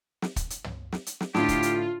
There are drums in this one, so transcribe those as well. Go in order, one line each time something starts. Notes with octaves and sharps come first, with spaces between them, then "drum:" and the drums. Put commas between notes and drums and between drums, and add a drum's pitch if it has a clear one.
drum: snare
drum: kick, hi-hat
drum: hi-hat
drum: tom
drum: snare
drum: hi-hat
drum: snare
A2 D3 D4 F4 G4, drum: snare
drum: kick, hi-hat
drum: hi-hat